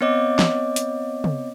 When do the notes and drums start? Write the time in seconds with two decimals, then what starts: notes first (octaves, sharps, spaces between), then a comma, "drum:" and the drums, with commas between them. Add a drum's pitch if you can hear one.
0.01 B3 C4 C#5 D#5 D6
0.39 drum: snare
0.76 drum: hi-hat
1.24 drum: tom